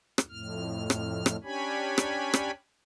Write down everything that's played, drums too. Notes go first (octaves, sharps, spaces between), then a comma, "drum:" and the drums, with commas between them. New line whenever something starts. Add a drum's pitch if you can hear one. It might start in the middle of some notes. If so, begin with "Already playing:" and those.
drum: rim click
F2 A2 F6
drum: rim click
drum: rim click
C#4 D4 G4 C#5 G#5 B5
drum: rim click
drum: rim click